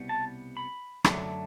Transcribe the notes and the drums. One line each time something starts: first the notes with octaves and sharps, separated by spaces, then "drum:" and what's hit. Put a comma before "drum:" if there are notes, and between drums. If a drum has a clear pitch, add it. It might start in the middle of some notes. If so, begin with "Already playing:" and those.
Already playing: C2 B2 G3 B3
A5
B5
F#2 D3 F#3 A3 D4, drum: rim click